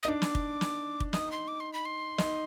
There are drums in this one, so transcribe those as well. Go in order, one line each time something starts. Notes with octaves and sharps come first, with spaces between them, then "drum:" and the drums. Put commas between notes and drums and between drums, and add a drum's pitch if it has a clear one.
D#4 D#6
D4 D6
drum: snare
drum: kick
drum: snare
drum: kick
D#4 D#6, drum: snare
C6
D6
C6
B5
C6
D#4, drum: snare